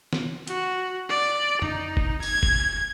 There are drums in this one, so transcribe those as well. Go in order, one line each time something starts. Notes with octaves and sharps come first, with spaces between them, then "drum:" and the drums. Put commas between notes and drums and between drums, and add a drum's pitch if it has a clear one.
drum: snare
F#4, drum: hi-hat
D5
D#4, drum: tom F2
drum: kick
G#6, drum: tambourine
drum: kick